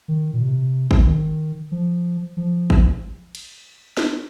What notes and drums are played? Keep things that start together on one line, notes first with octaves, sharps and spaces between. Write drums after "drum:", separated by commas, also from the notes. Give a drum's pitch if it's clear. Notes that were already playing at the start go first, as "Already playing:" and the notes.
D#3
A#2
C3
drum: kick
D#3
F3
F3
drum: kick
drum: cymbal
drum: snare D4